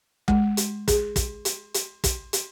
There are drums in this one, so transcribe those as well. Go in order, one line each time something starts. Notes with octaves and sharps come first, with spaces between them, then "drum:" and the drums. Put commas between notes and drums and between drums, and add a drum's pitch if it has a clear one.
G#3, drum: kick
drum: hi-hat
G#4, drum: kick, hi-hat
drum: kick, hi-hat
drum: hi-hat
drum: hi-hat
drum: kick, hi-hat
drum: hi-hat